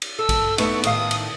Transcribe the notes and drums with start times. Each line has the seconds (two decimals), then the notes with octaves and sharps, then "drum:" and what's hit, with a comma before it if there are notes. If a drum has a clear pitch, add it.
0.02 drum: cymbal
0.19 A4 E6
0.29 drum: kick A#1, cymbal
0.58 A3 B3 D#4 C#6, drum: cymbal
0.83 A2 D#3 F5 D#6, drum: cymbal
1.11 drum: cymbal